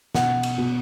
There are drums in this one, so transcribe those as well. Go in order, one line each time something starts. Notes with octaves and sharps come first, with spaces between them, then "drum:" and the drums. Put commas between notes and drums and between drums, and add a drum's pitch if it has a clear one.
B2 F#5, drum: snare
drum: cymbal
B2